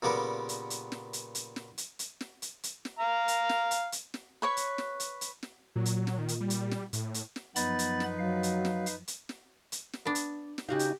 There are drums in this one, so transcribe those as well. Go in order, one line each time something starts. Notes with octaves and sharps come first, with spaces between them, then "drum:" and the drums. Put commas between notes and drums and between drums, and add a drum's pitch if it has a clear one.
A#2 C#3 G3 B3 G4 A#4
drum: hi-hat
drum: hi-hat
drum: snare
drum: hi-hat
drum: hi-hat
drum: snare
drum: hi-hat
drum: hi-hat
drum: snare
drum: hi-hat
drum: hi-hat
drum: snare
F5 A#5
drum: hi-hat
drum: snare
drum: hi-hat
drum: hi-hat
drum: snare
B4 C#5 C#6
drum: hi-hat
drum: snare
drum: hi-hat
drum: hi-hat
drum: snare
A#2 F#3
drum: hi-hat
drum: snare
D#3
drum: hi-hat
G3
drum: hi-hat
drum: snare
A2, drum: hi-hat
drum: hi-hat
drum: snare
F#2 F3 B3 D#4 B4 B5 A6, drum: hi-hat
drum: hi-hat
drum: snare
F#3 F5
drum: hi-hat
drum: snare
drum: hi-hat
drum: hi-hat
drum: snare
drum: hi-hat
drum: snare
B3 D4
drum: hi-hat
drum: snare
C#3 D#4 F#4 G4 F5
drum: hi-hat